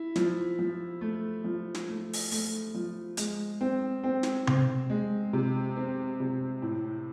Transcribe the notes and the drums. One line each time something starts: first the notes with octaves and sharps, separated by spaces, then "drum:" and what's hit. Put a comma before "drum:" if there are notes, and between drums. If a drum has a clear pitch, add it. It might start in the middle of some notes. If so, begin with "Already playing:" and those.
Already playing: E4
F3, drum: snare
F3
A3
F3
drum: snare
A3
drum: open hi-hat
A3, drum: open hi-hat
F3
G#3, drum: hi-hat
C4
C4
drum: snare
C4, drum: tom C3
G#3
C3
C4
C3
A2